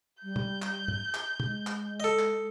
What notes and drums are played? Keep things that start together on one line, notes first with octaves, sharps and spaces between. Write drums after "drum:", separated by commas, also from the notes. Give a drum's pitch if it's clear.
G3 G6
drum: tom
drum: clap
drum: tom
drum: clap
G#3, drum: tom
drum: clap
A4 D#5
drum: clap